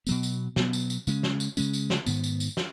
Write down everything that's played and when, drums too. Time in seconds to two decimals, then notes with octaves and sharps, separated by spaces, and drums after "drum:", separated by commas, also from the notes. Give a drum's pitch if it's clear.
0.07 B2 F#3 B3, drum: tambourine
0.23 drum: tambourine
0.56 B2 F#3 B3, drum: snare
0.73 drum: tambourine
0.90 drum: tambourine
1.07 C#3 G#3 C#4, drum: tambourine
1.23 drum: snare
1.40 drum: tambourine
1.57 C#3 G#3 C#4, drum: tambourine
1.73 drum: tambourine
1.90 drum: snare
2.06 G#2 D#3 B3, drum: tambourine
2.24 drum: tambourine
2.40 drum: tambourine
2.57 drum: snare